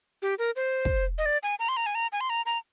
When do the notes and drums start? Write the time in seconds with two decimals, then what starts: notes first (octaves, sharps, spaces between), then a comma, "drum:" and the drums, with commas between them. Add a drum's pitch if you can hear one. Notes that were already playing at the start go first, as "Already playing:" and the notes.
0.22 G4
0.39 A#4
0.56 C5
0.85 drum: kick
1.18 D#5
1.26 D5
1.43 G#5
1.59 A#5
1.69 C6
1.77 A#5
1.86 G#5
1.95 A#5
2.12 G#5
2.21 C6
2.30 A#5
2.46 A#5